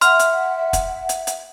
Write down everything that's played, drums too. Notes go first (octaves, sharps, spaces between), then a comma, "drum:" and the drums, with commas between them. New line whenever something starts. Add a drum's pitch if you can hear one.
E5 F#5 C6 F6, drum: hi-hat
drum: hi-hat
drum: kick, hi-hat
drum: hi-hat
drum: hi-hat